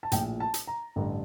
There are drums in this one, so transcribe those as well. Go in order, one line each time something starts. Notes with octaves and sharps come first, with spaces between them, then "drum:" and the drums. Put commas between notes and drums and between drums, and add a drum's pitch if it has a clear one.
A5
A#1 A2 F3 G5, drum: hi-hat
A5
drum: hi-hat
A#5
A1 G2 D3